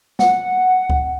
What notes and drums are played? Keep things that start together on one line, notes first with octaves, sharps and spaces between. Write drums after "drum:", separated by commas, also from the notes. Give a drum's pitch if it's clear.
F#5, drum: snare
drum: kick C#2